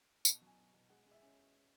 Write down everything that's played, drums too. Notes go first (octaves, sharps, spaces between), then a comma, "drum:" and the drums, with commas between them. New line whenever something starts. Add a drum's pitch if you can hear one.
B2 A5, drum: tambourine
F#3
G#5
B2
B2
G#3 F#5
G#3
E5
C#4